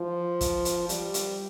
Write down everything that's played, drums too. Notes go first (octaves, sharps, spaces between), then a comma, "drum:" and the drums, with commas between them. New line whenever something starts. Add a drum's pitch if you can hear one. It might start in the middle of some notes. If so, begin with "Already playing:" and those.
Already playing: F3
drum: kick, hi-hat
drum: hi-hat
G3, drum: hi-hat
drum: hi-hat